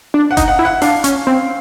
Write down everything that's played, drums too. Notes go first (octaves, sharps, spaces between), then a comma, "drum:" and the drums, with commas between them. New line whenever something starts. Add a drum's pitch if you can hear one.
D4
F#5
D#4, drum: kick F#1, hi-hat
F#5
E4
F#5
D4 F5, drum: open hi-hat
C#4, drum: hi-hat
C4